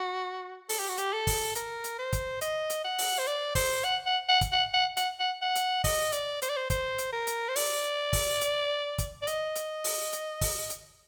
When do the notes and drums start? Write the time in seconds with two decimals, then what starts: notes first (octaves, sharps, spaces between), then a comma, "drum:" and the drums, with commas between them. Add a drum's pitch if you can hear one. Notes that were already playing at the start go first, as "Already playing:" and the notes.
Already playing: F#4
0.69 A4, drum: open hi-hat
0.79 G4
0.89 F#4
0.98 G4, drum: hi-hat
1.13 A4
1.27 drum: kick, open hi-hat
1.55 A#4, drum: hi-hat
1.84 drum: hi-hat
1.99 C5
2.13 drum: kick, hi-hat
2.41 D#5, drum: hi-hat
2.70 drum: hi-hat
2.84 F#5
2.98 drum: open hi-hat
3.19 C5
3.27 D5
3.55 C5, drum: kick, open hi-hat
3.84 F#5
4.06 F#5
4.29 F#5
4.41 drum: kick, hi-hat
4.52 F#5
4.74 F#5
4.97 F#5, drum: hi-hat
5.19 F#5
5.42 F#5
5.56 drum: hi-hat
5.84 D#5, drum: kick, open hi-hat
6.12 D5, drum: hi-hat
6.42 C5, drum: hi-hat
6.49 D5
6.56 C5
6.70 C5, drum: kick, hi-hat
6.98 drum: hi-hat
7.12 A#4
7.27 drum: hi-hat
7.48 C5
7.56 D5, drum: open hi-hat
8.13 drum: kick, open hi-hat
8.41 drum: hi-hat
8.98 drum: kick, hi-hat
9.22 D5
9.27 D#5, drum: hi-hat
9.56 drum: hi-hat
9.84 drum: open hi-hat
10.13 drum: hi-hat
10.41 drum: kick, open hi-hat
10.70 drum: hi-hat